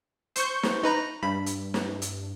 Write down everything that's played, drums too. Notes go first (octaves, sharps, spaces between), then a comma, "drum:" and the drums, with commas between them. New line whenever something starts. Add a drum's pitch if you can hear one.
C5 C#6 G6, drum: hi-hat
drum: snare
D#4 B4 A#5
G2 B5
drum: hi-hat
drum: snare
drum: hi-hat